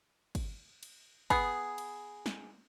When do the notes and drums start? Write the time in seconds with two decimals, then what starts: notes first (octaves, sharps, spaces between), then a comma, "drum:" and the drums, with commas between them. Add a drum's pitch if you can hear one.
0.35 drum: kick, cymbal
0.83 drum: cymbal
1.30 B3 G#4, drum: kick, cymbal
1.78 drum: cymbal
2.26 drum: snare